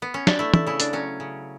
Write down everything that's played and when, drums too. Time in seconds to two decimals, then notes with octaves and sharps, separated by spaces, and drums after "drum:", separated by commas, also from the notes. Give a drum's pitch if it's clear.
0.02 B3
0.14 C#4
0.27 D4, drum: snare
0.39 A3 E4
0.54 E4, drum: tom
0.67 C#3 E4
0.80 D4, drum: hi-hat
0.93 F#3 C#4
1.20 C#3